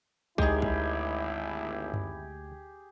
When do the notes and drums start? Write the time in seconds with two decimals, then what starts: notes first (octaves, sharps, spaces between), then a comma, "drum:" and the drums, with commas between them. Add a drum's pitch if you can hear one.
0.38 G#1 D2 G#3 D#4 E4 G4 G#4, drum: kick
0.62 drum: kick
1.94 drum: tom F#2